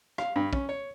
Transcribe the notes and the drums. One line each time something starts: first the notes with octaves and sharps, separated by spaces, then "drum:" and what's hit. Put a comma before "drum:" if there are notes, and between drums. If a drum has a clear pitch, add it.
F5, drum: rim click
G2
C#4, drum: kick
C#5